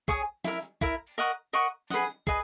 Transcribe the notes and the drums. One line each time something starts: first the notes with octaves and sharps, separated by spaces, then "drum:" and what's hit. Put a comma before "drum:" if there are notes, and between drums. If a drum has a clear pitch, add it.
G#4 C#5 G#5 D#6, drum: kick
E4 A#4 E5, drum: snare
E4 A#4 E5, drum: kick
A#4 D#5 F#5 C#6
A#4 D#5 F#5 C#6
G#4 B4 D#5 F#5, drum: snare
G#4 B4 D#5, drum: kick